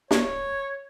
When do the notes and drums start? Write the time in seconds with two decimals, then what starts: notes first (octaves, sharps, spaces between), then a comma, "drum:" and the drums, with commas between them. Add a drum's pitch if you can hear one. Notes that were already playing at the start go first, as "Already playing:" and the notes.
0.11 C#5, drum: snare